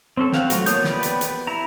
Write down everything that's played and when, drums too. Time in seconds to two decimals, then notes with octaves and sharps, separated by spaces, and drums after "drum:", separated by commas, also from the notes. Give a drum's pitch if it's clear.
0.17 C4 C#4 A4
0.32 C4 F5 F#5, drum: snare
0.50 F#3 A3 F4 F#4, drum: hi-hat
0.66 A#3 F4 C#5 D#6 G6, drum: hi-hat
0.84 B3 G4 B4 D5 B5, drum: snare
1.03 drum: hi-hat
1.21 drum: hi-hat
1.47 E4 A#5